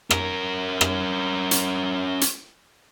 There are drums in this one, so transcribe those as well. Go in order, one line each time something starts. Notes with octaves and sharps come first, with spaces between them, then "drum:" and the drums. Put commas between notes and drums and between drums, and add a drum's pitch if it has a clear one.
C#4 A#4, drum: rim click
drum: rim click
drum: hi-hat
drum: hi-hat